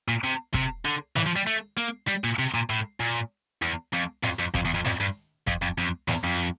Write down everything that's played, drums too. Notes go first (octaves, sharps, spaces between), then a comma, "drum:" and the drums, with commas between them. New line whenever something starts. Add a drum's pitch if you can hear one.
A#2
C3
C3, drum: kick
D3
E3, drum: snare
F3
G3
A3
A#3
G3
A#2
C3
A#2
A2
A#2
E2
F2
F2, drum: snare
F2
F2, drum: kick
E2
F2
F2, drum: snare
G2
F2, drum: kick
F2
F2
E2, drum: snare
F2